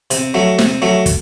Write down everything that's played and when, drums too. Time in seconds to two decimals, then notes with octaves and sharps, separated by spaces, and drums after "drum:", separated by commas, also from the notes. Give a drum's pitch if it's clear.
0.11 C3, drum: hi-hat
0.34 F#3 A3
0.59 C3, drum: snare
0.82 F#3 A3
1.06 drum: kick, hi-hat